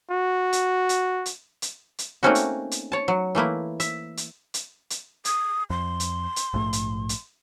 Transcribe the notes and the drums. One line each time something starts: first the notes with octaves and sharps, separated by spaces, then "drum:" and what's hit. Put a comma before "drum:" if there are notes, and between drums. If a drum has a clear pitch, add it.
F#4
drum: hi-hat
drum: hi-hat
drum: hi-hat
drum: hi-hat
drum: hi-hat
A3 A#3 C4 C#4 D#4 F#4
drum: hi-hat
drum: hi-hat
C#5 A5
F#3
E3 A3 A#3 E4
E5, drum: hi-hat
drum: hi-hat
drum: hi-hat
drum: hi-hat
D#6, drum: hi-hat
F2 C6
drum: hi-hat
drum: hi-hat
A#1 G#2 A3
drum: hi-hat
drum: hi-hat